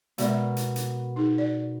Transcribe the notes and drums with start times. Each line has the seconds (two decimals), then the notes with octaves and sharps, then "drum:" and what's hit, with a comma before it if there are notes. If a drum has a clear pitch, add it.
0.18 B2 G#3 A#4 D5 E5, drum: hi-hat
0.57 drum: hi-hat
0.76 drum: hi-hat
1.16 D#4 G#4
1.38 D5